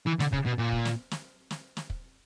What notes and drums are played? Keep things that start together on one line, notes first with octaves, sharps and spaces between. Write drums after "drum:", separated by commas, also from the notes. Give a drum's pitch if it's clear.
E3
D3, drum: snare
C#3, drum: kick
B2
A#2
drum: kick
drum: snare
drum: snare
drum: snare
drum: snare
drum: kick